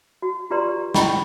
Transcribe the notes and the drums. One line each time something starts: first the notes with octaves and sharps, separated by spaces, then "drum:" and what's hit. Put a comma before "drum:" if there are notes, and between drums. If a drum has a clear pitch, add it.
F#4
F4 G4 B4 D5 A#5 C6
C#4 E4 D#5 G5 B5 C#6, drum: snare